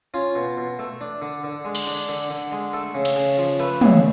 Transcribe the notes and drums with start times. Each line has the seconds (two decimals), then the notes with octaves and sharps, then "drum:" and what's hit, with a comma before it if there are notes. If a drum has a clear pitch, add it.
0.14 C#4 F4
0.36 B2
0.58 B2
0.79 A3
1.01 D4
1.22 D3
1.44 D3
1.65 G#3
1.75 drum: cymbal
1.87 D4
2.09 D3
2.30 D3
2.52 G#3
2.73 A3 A4
2.95 C#3
3.05 drum: cymbal
3.16 C#3
3.38 F3
3.59 A3 B4
3.81 C#3, drum: tom